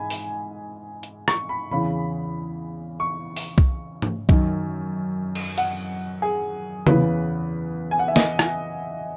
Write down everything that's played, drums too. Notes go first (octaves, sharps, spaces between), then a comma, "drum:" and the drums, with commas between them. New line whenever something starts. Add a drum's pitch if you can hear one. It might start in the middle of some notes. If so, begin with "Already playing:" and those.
Already playing: G#2 G#5 B5
drum: open hi-hat
drum: hi-hat
C#6, drum: rim click
B5
E2 C#3 E3 B5
C#6
drum: open hi-hat
drum: kick B1
drum: tom
F#2 D#3, drum: kick B1
drum: cymbal
F#5, drum: hi-hat
G#4
E2 C#3 E3 B4, drum: tom C#3
G#5
F#5
E5
D#5, drum: snare
drum: rim click